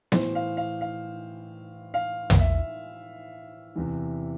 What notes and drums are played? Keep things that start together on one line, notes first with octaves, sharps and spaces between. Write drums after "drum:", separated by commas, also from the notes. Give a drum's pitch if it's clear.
A2 E3 C5, drum: snare B3
F5
F5
F5
F5
drum: tom
E5
E2 C3 E3